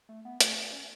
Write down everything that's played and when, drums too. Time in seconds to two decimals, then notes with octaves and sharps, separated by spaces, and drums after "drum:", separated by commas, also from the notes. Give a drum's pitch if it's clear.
0.09 A3
0.25 B3
0.41 A3, drum: hi-hat
0.72 C#4